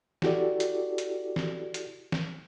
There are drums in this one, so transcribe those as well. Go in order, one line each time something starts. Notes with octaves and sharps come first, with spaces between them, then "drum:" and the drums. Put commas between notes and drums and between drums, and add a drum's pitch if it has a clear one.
E4 F#4 G4 A4 D5, drum: snare
drum: hi-hat
drum: hi-hat
drum: snare
drum: hi-hat
drum: snare